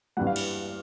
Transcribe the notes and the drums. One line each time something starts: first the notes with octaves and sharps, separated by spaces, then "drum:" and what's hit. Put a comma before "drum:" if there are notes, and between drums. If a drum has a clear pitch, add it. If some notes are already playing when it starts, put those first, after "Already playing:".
G2 E3 G3 F#5
F5
drum: cymbal